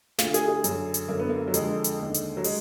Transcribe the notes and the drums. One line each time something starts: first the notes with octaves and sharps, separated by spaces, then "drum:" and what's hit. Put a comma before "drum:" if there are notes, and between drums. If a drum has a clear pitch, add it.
D2 D3 F4, drum: snare
G#4, drum: hi-hat
G#4
F#2 D3, drum: hi-hat
drum: hi-hat
F#2 D3 A#3
B3
A#3
F#3
F2 D3 G#3, drum: hi-hat
drum: hi-hat
D#2 D3
drum: hi-hat
F#3
G#3, drum: open hi-hat